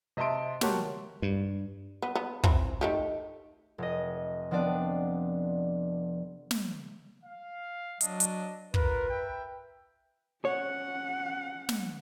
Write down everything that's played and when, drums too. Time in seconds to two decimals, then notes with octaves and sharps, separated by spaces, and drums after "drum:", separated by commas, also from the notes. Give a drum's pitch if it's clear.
0.17 C3 D#5 E5 A5 C6 D7
0.61 F#4 G4 A#4 C#5 A5 C6, drum: snare
1.22 G2
2.02 B3
2.15 B3
2.44 E3 C4 E4, drum: kick
2.81 D#3 A3 G4
3.78 F1 D#5
4.51 F3 B3 C4 D4 D5
6.51 drum: snare
7.24 F5
8.01 F#3 D4 D#5, drum: hi-hat
8.20 drum: hi-hat
8.74 F4 A#4 B4, drum: kick
9.09 E5 G5
10.45 C#4 C#5 F#5
11.69 drum: snare